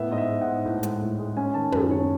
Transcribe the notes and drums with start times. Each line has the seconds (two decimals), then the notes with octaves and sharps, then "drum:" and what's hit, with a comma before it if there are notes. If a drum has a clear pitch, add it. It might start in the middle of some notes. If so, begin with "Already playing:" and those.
Already playing: A2 B3 E5
0.11 G#2 D#5
0.18 E5
0.30 G#2
0.41 F#5
0.47 G#2
0.65 A2
0.83 G#3, drum: hi-hat
1.02 A2
1.19 G#3
1.37 C#4 G#5
1.54 D#3 A5
1.72 F#2 G#5, drum: tom
1.90 D#3 C#5